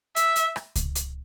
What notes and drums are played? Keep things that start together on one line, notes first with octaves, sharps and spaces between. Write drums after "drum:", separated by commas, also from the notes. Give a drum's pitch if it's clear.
E5, drum: hi-hat
drum: hi-hat
drum: rim click
drum: kick C#2, hi-hat
drum: hi-hat